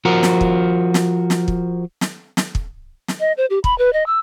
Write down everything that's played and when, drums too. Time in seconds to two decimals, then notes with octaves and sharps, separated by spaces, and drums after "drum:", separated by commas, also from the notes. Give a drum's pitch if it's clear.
0.05 F3 F#4 A#4
0.23 drum: snare
0.41 drum: kick
0.94 drum: snare
1.30 drum: snare
1.48 drum: kick
2.01 drum: snare
2.37 drum: snare
2.55 drum: kick
3.08 drum: snare
3.20 D#5
3.37 C5
3.50 G4
3.64 B5, drum: kick
3.78 B4
3.93 D#5
4.07 E6